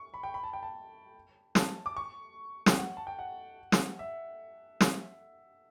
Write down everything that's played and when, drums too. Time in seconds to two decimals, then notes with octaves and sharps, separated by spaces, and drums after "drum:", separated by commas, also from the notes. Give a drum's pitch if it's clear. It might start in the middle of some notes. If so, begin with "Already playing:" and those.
Already playing: C#6
0.14 B5
0.23 G5
0.34 B5
0.43 A5
0.53 G5
0.63 A5
1.55 A5, drum: snare
1.86 D6
1.97 C#6
2.66 G5, drum: snare
2.77 F#5
2.97 A5
3.07 G5
3.19 F#5
3.72 drum: snare
3.99 E5
4.81 drum: snare